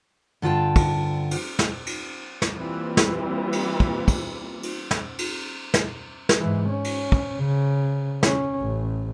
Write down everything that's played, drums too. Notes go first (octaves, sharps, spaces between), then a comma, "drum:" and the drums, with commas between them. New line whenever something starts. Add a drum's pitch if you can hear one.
G2 D3 F4 G5 A5
drum: kick, cymbal
drum: cymbal
drum: snare
drum: cymbal
drum: snare
E3 G3 A#3 C4 F4
drum: snare
drum: cymbal
drum: kick
drum: kick, cymbal
drum: cymbal
drum: snare
drum: cymbal
drum: snare
drum: snare
G#2 E3
C#4
drum: cymbal
drum: kick
C#3
C#4, drum: snare
A1